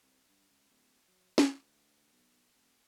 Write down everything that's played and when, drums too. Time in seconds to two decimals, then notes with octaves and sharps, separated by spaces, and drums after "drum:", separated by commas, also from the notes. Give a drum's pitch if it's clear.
0.03 C2
0.28 G2
0.50 C#2
0.70 D1
1.08 F#3
1.38 D2, drum: snare C#4
2.12 B1
2.55 F1